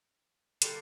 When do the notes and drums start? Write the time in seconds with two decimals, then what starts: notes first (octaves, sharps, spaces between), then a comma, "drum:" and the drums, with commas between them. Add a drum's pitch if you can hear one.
0.62 D3 G3 A#3, drum: hi-hat